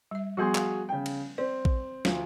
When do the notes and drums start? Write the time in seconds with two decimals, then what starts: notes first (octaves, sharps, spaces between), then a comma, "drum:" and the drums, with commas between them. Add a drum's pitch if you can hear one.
0.11 G3 E5
0.37 F3 G3 B3 F#4 G#4 C6
0.55 F5, drum: clap
0.89 C#3 G5
1.06 drum: cymbal
1.38 C4 D5
1.65 drum: kick A#1
2.05 D2 F3, drum: snare